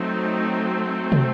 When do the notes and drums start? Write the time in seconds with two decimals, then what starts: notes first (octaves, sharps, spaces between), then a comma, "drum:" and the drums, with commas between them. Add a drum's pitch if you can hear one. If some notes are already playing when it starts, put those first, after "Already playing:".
Already playing: F#3 A3 C4 D#4
1.12 drum: tom